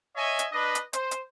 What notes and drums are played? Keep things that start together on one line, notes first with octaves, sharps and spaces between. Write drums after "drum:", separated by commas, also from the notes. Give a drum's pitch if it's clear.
C#5 D#5 E5 G#5
drum: hi-hat
D4 B4 D#5
drum: hi-hat
C5, drum: hi-hat
drum: hi-hat